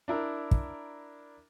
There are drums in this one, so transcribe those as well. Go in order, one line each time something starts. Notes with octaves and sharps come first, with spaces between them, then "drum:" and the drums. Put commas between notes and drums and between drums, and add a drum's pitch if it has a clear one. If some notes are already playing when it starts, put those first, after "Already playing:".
D4 E4 A#4
drum: kick